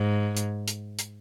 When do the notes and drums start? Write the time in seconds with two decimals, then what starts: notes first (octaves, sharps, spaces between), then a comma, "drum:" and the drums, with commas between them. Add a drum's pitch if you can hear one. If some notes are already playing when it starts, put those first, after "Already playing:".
Already playing: G#2
0.37 drum: hi-hat
0.68 drum: hi-hat
0.99 drum: hi-hat